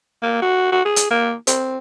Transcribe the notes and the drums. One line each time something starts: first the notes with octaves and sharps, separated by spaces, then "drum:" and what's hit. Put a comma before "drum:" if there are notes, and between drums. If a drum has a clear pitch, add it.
A#3
F#4
F#4
G#4
drum: hi-hat
A#3
C4, drum: hi-hat